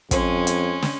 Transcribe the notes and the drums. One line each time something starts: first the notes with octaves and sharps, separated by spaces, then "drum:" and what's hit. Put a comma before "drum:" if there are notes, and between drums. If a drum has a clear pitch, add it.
F2 G#3 C#4, drum: kick, hi-hat
drum: hi-hat
drum: snare